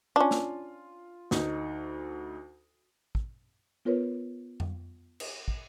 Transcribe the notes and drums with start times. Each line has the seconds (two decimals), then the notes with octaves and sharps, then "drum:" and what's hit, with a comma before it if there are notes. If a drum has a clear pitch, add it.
0.16 C#4 D4 F4
0.31 drum: snare
1.31 D2 D#4, drum: snare
3.15 drum: kick
3.85 B3 F4 A#4 B4 C#5
4.60 drum: tom F2
5.20 drum: cymbal
5.48 drum: kick